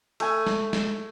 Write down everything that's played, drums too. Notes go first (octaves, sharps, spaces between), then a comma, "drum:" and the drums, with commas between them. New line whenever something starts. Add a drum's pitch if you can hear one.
A3 G#5, drum: cymbal
drum: snare
drum: snare